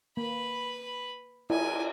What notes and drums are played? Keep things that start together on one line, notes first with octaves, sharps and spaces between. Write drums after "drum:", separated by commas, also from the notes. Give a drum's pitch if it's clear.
A#3 B4 B5
E4 G#5, drum: cymbal